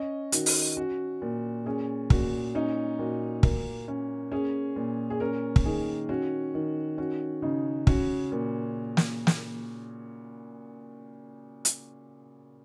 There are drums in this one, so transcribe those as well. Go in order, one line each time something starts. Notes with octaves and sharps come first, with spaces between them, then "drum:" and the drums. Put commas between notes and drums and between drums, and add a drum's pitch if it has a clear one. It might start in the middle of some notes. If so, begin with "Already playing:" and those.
Already playing: C#4 D#5
D#3 F#4, drum: hi-hat
drum: open hi-hat
C#4 F#4
A#2
C#4 G#4
A#2 F#4, drum: kick
C#4 D#4
A#2 F#4
A#3, drum: kick
C#4
C#4 G#4
A#2
G#4
C#4 A#4
drum: kick
D#3 G#4
C#4 F#4
D#3
C#4 F#4
C#3 D#4
C#4 F#4, drum: kick
A#2
drum: snare
drum: snare
drum: hi-hat